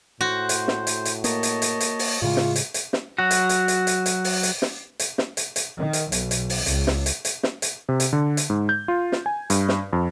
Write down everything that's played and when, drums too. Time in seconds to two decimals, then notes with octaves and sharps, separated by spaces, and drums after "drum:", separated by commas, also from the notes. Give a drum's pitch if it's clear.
0.21 A2 F#4 C5
0.49 drum: hi-hat
0.68 drum: snare
0.87 drum: hi-hat
1.05 drum: hi-hat
1.24 A#3 C#5 D#5 A5, drum: hi-hat
1.43 drum: hi-hat
1.62 drum: hi-hat
1.80 drum: hi-hat
1.99 drum: open hi-hat
2.22 A2 C#3 G#3 F4 C#6
2.37 drum: snare
2.56 drum: hi-hat
2.74 drum: hi-hat
2.93 drum: snare
3.18 F#3 F#4
3.31 drum: hi-hat
3.49 drum: hi-hat
3.68 drum: hi-hat
3.87 drum: hi-hat
4.06 drum: hi-hat
4.24 drum: open hi-hat
4.43 drum: hi-hat
4.62 drum: snare
4.99 drum: hi-hat
5.18 drum: snare
5.37 drum: hi-hat
5.56 drum: hi-hat
5.80 D#3
5.93 drum: hi-hat
6.12 B1, drum: hi-hat
6.31 drum: hi-hat
6.50 drum: open hi-hat
6.66 C#2, drum: hi-hat
6.87 drum: snare
7.06 drum: hi-hat
7.25 drum: hi-hat
7.43 drum: snare
7.62 drum: hi-hat
7.89 C3
8.00 drum: hi-hat
8.13 D3
8.37 drum: hi-hat
8.50 G#2
8.69 G6
8.88 F4
9.12 drum: snare
9.26 G#5
9.50 G2, drum: hi-hat
9.69 drum: snare
9.93 F2